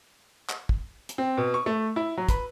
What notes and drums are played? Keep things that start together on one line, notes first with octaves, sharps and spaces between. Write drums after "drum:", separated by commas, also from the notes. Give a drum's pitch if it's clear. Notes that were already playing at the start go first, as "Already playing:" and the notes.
drum: clap
drum: kick
drum: hi-hat
C4
B2
C#6
A3
E4
F#3
B4, drum: kick, hi-hat